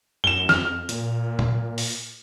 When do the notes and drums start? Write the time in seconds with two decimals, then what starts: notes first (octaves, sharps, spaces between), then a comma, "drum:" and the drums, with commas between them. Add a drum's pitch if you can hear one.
0.24 F#2 E7 G7
0.49 F2 F6, drum: snare
0.89 A#2, drum: hi-hat
1.39 drum: tom A#2
1.78 drum: open hi-hat